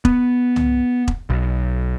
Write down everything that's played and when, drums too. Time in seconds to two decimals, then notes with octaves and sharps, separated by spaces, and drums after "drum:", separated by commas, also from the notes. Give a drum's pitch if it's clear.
0.05 B3, drum: kick E1
0.56 drum: tom
1.08 drum: kick E1
1.30 B1